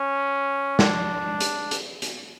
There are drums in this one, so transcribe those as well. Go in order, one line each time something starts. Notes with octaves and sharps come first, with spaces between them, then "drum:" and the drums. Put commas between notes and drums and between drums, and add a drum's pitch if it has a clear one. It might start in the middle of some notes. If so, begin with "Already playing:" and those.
Already playing: C#4
D4, drum: snare
drum: hi-hat
drum: hi-hat
drum: hi-hat